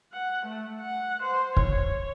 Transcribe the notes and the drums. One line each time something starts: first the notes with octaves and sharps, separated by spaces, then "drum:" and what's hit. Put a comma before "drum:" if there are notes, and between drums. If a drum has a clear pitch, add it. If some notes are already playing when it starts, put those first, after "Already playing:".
F#5
A3
F#5
C5
C#5, drum: kick